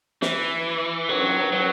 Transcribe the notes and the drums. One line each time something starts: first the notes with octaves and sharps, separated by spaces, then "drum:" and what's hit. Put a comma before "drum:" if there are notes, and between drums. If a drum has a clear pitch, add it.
E3, drum: snare
F#3, drum: cymbal
F#3